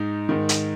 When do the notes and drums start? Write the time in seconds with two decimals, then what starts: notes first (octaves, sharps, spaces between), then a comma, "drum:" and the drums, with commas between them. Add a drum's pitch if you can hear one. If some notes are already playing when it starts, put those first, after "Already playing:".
Already playing: G#2 D#4
0.29 G#2 D#3
0.49 drum: hi-hat